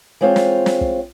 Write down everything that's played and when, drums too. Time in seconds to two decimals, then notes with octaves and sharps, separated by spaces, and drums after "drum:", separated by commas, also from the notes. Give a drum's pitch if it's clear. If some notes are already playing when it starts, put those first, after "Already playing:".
0.21 E3 G#3 C4 F4 C5 C#5
0.36 drum: snare
0.66 drum: snare
0.81 drum: kick